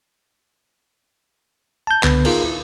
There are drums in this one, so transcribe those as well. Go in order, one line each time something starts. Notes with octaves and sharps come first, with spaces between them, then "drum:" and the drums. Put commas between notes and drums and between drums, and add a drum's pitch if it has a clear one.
A5 G6
C#2 D3 B3 B4, drum: clap
D#4 F4 G#4 A#4, drum: cymbal
E4